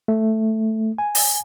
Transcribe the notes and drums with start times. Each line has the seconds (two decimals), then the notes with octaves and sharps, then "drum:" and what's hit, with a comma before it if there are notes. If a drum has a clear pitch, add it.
0.08 A3
0.98 G#5
1.15 drum: open hi-hat